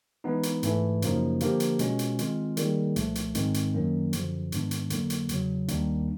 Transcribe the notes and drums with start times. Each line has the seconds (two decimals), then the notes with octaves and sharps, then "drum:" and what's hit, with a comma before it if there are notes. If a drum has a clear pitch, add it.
0.24 E3 G#3 B3 D#4
0.43 drum: hi-hat
0.63 G#2 E3 A3, drum: hi-hat
1.02 F#2 C#3 F3 A#3 D#4, drum: hi-hat
1.40 D3 F3 A#3 D4 G4, drum: hi-hat
1.60 drum: hi-hat
1.79 B2 G#3 C#4 F4, drum: hi-hat
1.99 drum: hi-hat
2.19 D#3 G#3 C4 F4, drum: hi-hat
2.57 D#3 G3 A#3 D#4 G#4, drum: hi-hat
2.96 C2 A#2 F3 A3, drum: hi-hat
3.15 drum: hi-hat
3.35 G#2 D#3 G#3 C4 D#4, drum: hi-hat
3.54 drum: hi-hat
3.74 F#2 D#3 F#3 A#3 C#4
4.13 F#2 D3 F3, drum: hi-hat
4.52 G#2 D#3 G#3 B3 D4, drum: hi-hat
4.71 drum: hi-hat
4.90 F2 D3 F#3 A#3, drum: hi-hat
5.10 drum: hi-hat
5.29 E2 C#3 F#3, drum: hi-hat
5.68 D#2 D#3 G3 A#3 D4, drum: hi-hat